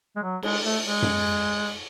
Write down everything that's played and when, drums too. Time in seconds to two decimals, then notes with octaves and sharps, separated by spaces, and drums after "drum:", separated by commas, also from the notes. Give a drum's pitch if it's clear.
0.16 G#3
0.23 F#3
0.43 G#3, drum: cymbal
0.64 A3
0.85 G#3
1.02 drum: tom F#2